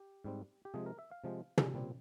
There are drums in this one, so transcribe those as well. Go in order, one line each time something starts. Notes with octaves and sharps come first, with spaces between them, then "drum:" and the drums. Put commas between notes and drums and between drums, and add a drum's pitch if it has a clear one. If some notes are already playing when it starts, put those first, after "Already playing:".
Already playing: G4
G#2 G3 C4
G4
C3 F3 G#3 G#4
A#4
E5
F5
C3 F3 G#3
drum: tom
A#2 G3 C4